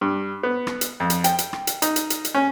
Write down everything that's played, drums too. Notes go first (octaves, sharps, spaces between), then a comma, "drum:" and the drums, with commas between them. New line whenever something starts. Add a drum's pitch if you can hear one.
G2
B3
drum: rim click
drum: hi-hat
F2
drum: hi-hat
G5, drum: hi-hat
drum: hi-hat
drum: rim click
drum: hi-hat
D#4, drum: hi-hat
drum: hi-hat
drum: hi-hat
drum: hi-hat
C#4